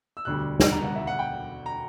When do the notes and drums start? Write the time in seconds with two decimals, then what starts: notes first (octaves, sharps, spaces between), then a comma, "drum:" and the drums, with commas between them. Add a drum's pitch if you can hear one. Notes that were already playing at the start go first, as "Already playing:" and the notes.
0.17 E6
0.25 E1 D2 D3 G3 F#6
0.60 drum: snare
0.72 A#5
0.84 F#5
0.95 E5
1.07 F#5
1.19 G5
1.66 A#5